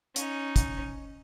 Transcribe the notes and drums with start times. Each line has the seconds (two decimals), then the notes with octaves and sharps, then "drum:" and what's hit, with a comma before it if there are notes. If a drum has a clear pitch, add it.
0.16 C#4 D#4, drum: hi-hat
0.56 drum: kick, hi-hat